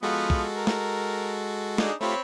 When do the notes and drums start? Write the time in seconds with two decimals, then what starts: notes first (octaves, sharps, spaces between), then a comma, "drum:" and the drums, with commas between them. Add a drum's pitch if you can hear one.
0.03 F3 G#3 B3 F4 F#4 A4
0.30 drum: kick
0.57 A#4
0.67 drum: snare
1.78 D4 D#4 G#4, drum: snare
2.01 A3 C4 F4 G4 C#5 B5